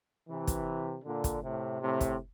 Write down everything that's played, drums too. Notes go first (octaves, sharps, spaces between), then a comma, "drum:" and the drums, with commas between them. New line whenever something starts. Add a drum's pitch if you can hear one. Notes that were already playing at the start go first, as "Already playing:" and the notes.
C3 E3
drum: kick, hi-hat
A#2 D3
drum: kick, hi-hat
A2 C3
A2 C3
drum: kick, hi-hat